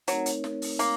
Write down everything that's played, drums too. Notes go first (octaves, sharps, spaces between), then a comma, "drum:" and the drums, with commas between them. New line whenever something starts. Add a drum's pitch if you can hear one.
F#3 A3 C4 D#4 A#4 C#5, drum: hi-hat
drum: hi-hat
drum: snare
drum: open hi-hat
A#3, drum: hi-hat